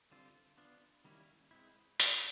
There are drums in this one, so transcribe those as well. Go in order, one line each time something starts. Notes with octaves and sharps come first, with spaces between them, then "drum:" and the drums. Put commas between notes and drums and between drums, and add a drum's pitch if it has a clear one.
D3 G3 C4 F4
B3 D4 F4
D#3 G3 A#3 C#4 E4
G#3 C4 E4
drum: hi-hat